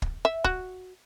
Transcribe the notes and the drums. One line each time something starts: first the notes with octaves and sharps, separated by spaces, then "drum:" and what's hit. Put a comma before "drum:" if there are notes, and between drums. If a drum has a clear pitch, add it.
drum: kick
E5
F#4, drum: kick